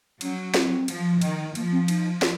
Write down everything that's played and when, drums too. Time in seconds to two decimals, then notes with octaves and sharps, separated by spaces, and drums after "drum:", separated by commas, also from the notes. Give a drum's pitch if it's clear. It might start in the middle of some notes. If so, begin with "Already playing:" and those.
0.21 F#3 C#4, drum: cymbal
0.54 C4, drum: snare
0.88 F3, drum: cymbal
1.21 D#3, drum: cymbal
1.55 F3 A#3, drum: cymbal
1.71 C4
1.88 D#4, drum: cymbal
2.22 drum: snare